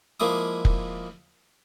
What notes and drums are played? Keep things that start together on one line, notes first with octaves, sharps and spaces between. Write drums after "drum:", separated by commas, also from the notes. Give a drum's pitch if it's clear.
F3 G#3 A#3 E4 D6 D#6
drum: kick F1